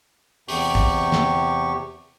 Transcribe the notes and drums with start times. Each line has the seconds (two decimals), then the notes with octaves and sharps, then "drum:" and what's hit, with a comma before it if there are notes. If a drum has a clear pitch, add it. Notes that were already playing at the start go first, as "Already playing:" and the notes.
0.48 E2 C3 G4 C#6, drum: open hi-hat
0.75 drum: kick
1.12 drum: snare